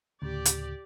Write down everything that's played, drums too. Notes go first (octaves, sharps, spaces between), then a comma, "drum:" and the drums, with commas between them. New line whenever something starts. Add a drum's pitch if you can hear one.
D2 A2 C#3 G4 D5
drum: hi-hat